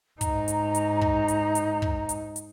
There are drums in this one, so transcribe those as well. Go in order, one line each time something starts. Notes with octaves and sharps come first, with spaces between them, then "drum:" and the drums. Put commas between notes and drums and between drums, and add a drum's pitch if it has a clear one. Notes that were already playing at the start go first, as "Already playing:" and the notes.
G#2 D#4 A#5, drum: kick, hi-hat
drum: hi-hat
drum: hi-hat
drum: kick
drum: hi-hat
drum: hi-hat
drum: kick
drum: hi-hat
drum: hi-hat